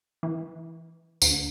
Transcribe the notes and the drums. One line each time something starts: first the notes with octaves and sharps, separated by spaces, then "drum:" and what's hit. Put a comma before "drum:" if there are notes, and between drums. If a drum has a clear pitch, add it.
E3
D2, drum: tambourine